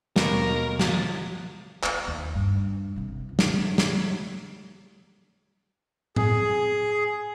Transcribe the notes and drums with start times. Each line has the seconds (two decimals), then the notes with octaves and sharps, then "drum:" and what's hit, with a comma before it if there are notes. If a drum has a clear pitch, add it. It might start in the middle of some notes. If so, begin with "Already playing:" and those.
0.16 D#2 B2 A#4, drum: snare
0.80 F3 F#3, drum: snare
1.83 B3, drum: clap
2.08 D#2
2.35 G2
2.96 G1 C3
3.29 C#2
3.39 drum: snare
3.78 drum: snare
6.16 G#4, drum: tom A2